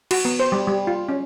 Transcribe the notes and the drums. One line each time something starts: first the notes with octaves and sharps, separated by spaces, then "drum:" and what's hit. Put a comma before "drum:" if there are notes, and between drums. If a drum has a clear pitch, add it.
F#4, drum: cymbal
B3
C5
G3
G3
F4
C#4